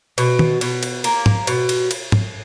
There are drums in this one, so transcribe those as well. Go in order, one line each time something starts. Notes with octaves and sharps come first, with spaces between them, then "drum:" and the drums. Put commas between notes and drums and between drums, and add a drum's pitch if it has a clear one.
B2, drum: cymbal
drum: tom D#3
B2, drum: cymbal
drum: cymbal
A#3, drum: cymbal
drum: tom G#2
B2, drum: cymbal
drum: cymbal
drum: cymbal
drum: tom G#2